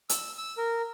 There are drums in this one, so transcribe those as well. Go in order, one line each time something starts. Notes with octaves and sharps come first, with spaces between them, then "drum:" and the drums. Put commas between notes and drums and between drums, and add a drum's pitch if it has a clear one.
E6, drum: hi-hat
E6
A#4